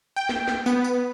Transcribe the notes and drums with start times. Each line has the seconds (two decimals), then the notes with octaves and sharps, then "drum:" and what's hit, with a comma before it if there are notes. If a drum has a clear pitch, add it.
0.16 G5
0.29 drum: snare
0.48 drum: snare
0.66 B3, drum: tambourine
0.84 drum: tambourine